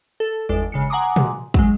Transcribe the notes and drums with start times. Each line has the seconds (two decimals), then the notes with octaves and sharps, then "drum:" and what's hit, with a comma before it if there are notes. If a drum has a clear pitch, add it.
0.20 A4
0.49 G1 E2 G#3 A4 D5
0.72 G1 C#3 G#3 C#7
0.90 F#5 G#5 A#5 C6 D6 D#6
1.16 drum: tom A#2
1.54 F#3 G#3, drum: kick